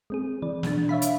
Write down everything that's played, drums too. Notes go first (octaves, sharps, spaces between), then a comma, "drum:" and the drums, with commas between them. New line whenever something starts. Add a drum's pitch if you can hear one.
G#3 C4 G#4
E3 D5
B2 D4, drum: snare
C#5 E5 F5 B5
drum: hi-hat